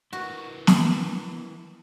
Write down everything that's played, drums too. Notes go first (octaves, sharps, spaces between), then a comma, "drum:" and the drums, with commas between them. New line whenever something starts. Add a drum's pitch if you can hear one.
E4 F#4 A#4 B4
drum: snare